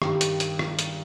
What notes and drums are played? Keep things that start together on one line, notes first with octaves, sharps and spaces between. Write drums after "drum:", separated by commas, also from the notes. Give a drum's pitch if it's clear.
G2 D#3 G3, drum: rim click
drum: hi-hat
drum: hi-hat
drum: rim click
drum: hi-hat